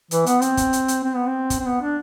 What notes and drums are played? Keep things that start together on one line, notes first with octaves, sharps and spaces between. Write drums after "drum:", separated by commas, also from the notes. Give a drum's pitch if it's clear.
E3, drum: hi-hat
B3, drum: hi-hat
C4, drum: hi-hat
drum: kick, hi-hat
drum: hi-hat
drum: hi-hat
C4
B3
C4
drum: kick, hi-hat
C4
B3
D4